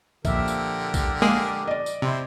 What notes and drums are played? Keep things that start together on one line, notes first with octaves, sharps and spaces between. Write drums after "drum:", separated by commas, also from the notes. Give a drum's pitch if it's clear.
A#2 D3 F3 G4 A#4 E5, drum: kick B1, tambourine
drum: tambourine
drum: kick B1, tambourine
G#3 A#3 G#4
D5 D#5
drum: tambourine
C3 E4 C5